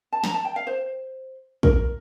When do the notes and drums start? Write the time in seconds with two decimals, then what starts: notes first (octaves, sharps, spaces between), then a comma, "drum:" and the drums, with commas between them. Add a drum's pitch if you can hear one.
0.13 A5
0.24 A#5, drum: snare
0.34 A5
0.45 G5
0.56 F5
0.67 C5
1.63 A#4, drum: kick